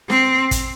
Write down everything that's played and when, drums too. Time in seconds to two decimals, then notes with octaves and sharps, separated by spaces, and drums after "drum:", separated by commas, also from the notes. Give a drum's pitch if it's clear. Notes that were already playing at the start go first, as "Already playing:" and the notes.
0.10 C4, drum: snare
0.51 drum: kick, hi-hat